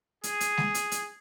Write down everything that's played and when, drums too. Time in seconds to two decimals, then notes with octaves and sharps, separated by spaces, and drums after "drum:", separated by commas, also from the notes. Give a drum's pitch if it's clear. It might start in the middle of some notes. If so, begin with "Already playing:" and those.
0.23 G#4, drum: hi-hat
0.40 drum: hi-hat
0.57 drum: snare G#3
0.74 drum: hi-hat
0.91 drum: hi-hat